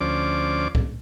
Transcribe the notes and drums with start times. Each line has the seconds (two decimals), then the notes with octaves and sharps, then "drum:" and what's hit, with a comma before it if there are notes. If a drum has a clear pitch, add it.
0.01 D2 F3 C#4 C5 D5 D6
0.75 drum: kick C2